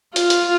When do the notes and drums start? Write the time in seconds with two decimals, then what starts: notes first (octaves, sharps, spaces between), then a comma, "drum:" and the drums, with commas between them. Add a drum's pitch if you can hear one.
0.16 F4, drum: hi-hat
0.30 drum: hi-hat